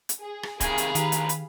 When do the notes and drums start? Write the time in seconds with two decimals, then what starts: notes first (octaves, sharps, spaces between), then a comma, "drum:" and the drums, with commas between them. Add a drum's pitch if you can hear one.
0.09 drum: hi-hat
0.21 G#4
0.43 drum: rim click
0.60 C3 D#3 G#4 F5 G#5 B5, drum: kick, hi-hat
0.78 drum: hi-hat
0.95 A2 D#3 G4 B4 A#5, drum: hi-hat
1.12 drum: hi-hat
1.29 drum: hi-hat